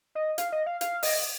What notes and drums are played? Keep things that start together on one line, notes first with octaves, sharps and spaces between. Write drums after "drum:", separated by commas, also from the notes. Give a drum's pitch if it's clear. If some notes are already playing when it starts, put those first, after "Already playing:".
D#5
F5, drum: hi-hat
D#5
F5
F5, drum: hi-hat
D#5, drum: open hi-hat